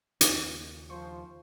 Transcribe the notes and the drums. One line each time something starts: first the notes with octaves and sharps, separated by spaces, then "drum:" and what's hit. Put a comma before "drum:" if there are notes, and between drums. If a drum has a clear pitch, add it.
D#2 C#3 A#3 D#4 F4, drum: hi-hat
F3 C5 C#6